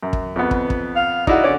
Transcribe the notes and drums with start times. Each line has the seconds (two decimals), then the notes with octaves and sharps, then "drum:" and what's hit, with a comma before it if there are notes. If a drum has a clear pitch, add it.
0.03 F#2
0.13 drum: kick
0.36 F2 B3
0.51 drum: kick
0.70 drum: kick
0.96 F5
1.27 D#4 E4 F#4 D5, drum: kick
1.44 D3 C#4 D5